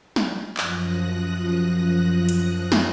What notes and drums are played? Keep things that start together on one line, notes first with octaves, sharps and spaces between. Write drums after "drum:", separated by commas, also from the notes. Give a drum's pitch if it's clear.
drum: snare
F#2 F3 D#6 F#6 A#6, drum: clap
drum: hi-hat
drum: snare